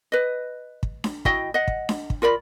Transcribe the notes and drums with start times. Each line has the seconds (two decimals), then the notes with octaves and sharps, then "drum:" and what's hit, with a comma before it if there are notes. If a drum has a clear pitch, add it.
0.12 B4 D#5
0.83 drum: kick
1.04 drum: snare D4
1.25 E4 F#4 D#5 G5, drum: kick
1.54 D#5 F#5
1.68 drum: kick
1.89 drum: snare D4
2.10 drum: kick
2.22 F4 A#4 D5 B5